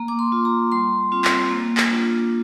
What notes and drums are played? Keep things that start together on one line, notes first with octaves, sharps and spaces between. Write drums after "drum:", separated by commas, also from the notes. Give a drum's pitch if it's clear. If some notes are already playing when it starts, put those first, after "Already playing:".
Already playing: A#3 A#5
D6
C6
F4
A#5
G3 C6
C4 F4
drum: clap
A#3
drum: clap
D4 F4